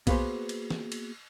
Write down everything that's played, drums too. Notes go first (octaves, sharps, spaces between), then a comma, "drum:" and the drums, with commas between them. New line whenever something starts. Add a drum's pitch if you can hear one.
A#3 B3 F#4 G#4 B4 C5, drum: kick B1, cymbal
drum: cymbal
drum: snare
drum: cymbal